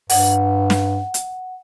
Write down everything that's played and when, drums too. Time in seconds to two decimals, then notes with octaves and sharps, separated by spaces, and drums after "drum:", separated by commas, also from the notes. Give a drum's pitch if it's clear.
0.10 G2 F#5, drum: open hi-hat
0.70 drum: snare
1.14 drum: hi-hat